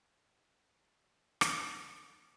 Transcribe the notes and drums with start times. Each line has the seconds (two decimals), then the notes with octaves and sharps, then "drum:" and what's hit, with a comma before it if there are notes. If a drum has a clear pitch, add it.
0.24 D1 B2 D4
1.41 drum: rim click